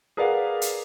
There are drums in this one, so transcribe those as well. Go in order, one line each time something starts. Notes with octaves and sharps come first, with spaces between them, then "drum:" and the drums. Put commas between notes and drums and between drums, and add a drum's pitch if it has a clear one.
G#4 A#4 B4 D5 F5 F#5
drum: hi-hat